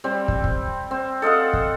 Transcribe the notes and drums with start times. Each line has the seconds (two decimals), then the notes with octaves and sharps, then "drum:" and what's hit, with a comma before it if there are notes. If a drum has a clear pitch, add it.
0.04 G3 C4
0.28 drum: kick
0.44 drum: kick
0.91 C4
1.22 A4 D#5 F5 F#5
1.53 drum: kick